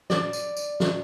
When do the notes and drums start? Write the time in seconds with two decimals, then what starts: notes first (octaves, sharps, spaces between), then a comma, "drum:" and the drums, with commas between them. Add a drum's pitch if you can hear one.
0.10 D5, drum: snare
0.33 drum: tambourine
0.57 drum: tambourine
0.80 drum: snare